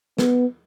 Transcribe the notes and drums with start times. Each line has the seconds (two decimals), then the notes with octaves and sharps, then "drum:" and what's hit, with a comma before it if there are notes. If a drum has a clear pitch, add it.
0.18 B3, drum: snare